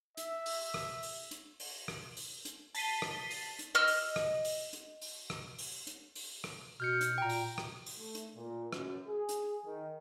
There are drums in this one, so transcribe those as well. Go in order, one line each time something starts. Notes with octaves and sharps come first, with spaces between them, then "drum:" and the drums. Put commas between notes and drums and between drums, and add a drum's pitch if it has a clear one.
E5, drum: hi-hat
drum: open hi-hat
drum: rim click
drum: open hi-hat
drum: hi-hat
drum: open hi-hat
drum: rim click
drum: open hi-hat
drum: hi-hat
A5 A6 B6 C7 D#7 G7, drum: open hi-hat
drum: rim click
drum: open hi-hat
drum: hi-hat
D#5 E6 F6
drum: open hi-hat
drum: rim click
drum: open hi-hat
drum: hi-hat
drum: open hi-hat
drum: rim click
drum: open hi-hat
drum: hi-hat
drum: open hi-hat
drum: rim click
B2 F6 G6 C#7
drum: hi-hat
A#2 G5 A#5
drum: open hi-hat
drum: rim click
drum: open hi-hat
A3
drum: hi-hat
A#2
F#2, drum: rim click
G#4
drum: hi-hat
D#3